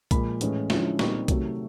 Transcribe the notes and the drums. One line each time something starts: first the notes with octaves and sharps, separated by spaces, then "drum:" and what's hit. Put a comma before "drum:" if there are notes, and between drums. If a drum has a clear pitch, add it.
A#2 F3 G#3 B5, drum: kick B1, hi-hat
A2 E3 G#3 C#4, drum: hi-hat
D3 F3 G#3 C#4 E4, drum: snare
A#2 G3 C4 D#4 C#6, drum: snare
C3 D#3 F#3 A3, drum: kick B1, hi-hat